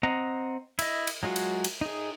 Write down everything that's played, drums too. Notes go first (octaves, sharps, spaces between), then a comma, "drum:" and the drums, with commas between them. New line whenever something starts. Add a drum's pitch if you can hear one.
C4 D#5 F#5 A#5
E4 D#5, drum: cymbal
drum: cymbal
F#3 G#3 F4 F#4
drum: cymbal
drum: cymbal
D#4 G#4